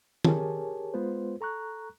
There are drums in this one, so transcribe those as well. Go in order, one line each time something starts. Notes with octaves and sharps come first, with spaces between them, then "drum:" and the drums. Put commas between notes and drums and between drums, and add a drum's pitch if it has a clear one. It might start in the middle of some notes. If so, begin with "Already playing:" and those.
G4 G#4 A#4 C#5 G#5 A5, drum: tom
G#3 B3 F4 B4 C5
A4 A#5 C#6 F#6